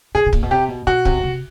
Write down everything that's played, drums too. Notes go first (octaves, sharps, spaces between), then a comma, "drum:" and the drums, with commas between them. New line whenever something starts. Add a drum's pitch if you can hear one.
B2 G#4
B2
A#2, drum: kick
B2
C3 G4
B2
B2 F#4
C3, drum: kick
C3